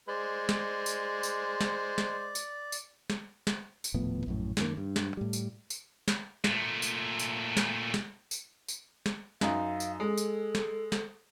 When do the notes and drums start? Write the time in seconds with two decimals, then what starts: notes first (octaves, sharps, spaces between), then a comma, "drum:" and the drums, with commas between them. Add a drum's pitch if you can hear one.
0.09 G#3 C5 D5
0.49 drum: snare
0.86 drum: tambourine
1.23 drum: tambourine
1.61 drum: snare
1.98 drum: snare
2.35 drum: tambourine
2.72 drum: tambourine
3.10 drum: snare
3.47 drum: snare
3.84 drum: tambourine
3.94 D#1 A2 F3 B3
4.26 A#1 F#2 A2
4.57 F#2 D#3 F3 A#3, drum: snare
4.77 G2
4.96 drum: snare
5.17 A2 G3
5.33 drum: tambourine
5.70 drum: tambourine
6.08 drum: snare
6.44 A#2 A3, drum: snare
6.82 drum: tambourine
7.19 drum: tambourine
7.57 drum: snare
7.94 drum: snare
8.31 drum: tambourine
8.68 drum: tambourine
9.06 drum: snare
9.41 F#2 D#4 F5, drum: snare
9.80 drum: tambourine
10.00 G#3 A4
10.17 drum: tambourine
10.55 drum: snare
10.92 drum: snare